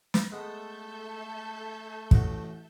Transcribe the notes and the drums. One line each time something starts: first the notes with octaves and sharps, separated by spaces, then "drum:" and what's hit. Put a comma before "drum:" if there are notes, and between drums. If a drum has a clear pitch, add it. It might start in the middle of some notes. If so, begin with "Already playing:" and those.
drum: snare
G#3 A3 B3 A4 E5 G6
A1 F#4, drum: kick